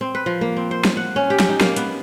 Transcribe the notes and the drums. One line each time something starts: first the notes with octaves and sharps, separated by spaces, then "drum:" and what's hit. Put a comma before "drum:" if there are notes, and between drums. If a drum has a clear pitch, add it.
C4
B4
F3
A#3
C4
C5
drum: snare
F#5
C#4
G4
drum: snare
D#4
A#3, drum: snare
B3, drum: hi-hat